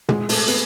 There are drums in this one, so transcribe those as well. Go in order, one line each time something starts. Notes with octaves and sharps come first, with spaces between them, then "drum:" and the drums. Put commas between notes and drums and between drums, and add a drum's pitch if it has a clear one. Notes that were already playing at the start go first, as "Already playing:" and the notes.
G#3, drum: tom
A3, drum: open hi-hat
B3, drum: hi-hat